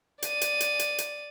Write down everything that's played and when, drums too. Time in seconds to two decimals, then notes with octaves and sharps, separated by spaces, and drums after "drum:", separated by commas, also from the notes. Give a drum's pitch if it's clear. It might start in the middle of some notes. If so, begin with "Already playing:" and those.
0.22 D5 D#7, drum: hi-hat
0.41 drum: hi-hat
0.60 drum: hi-hat
0.79 drum: hi-hat
0.98 drum: hi-hat